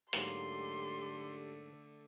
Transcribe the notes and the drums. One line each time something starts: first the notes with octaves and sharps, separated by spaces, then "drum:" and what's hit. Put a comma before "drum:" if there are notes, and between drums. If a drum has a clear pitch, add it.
G#2 D3 F#3 A3 A#3 G4 C6, drum: open hi-hat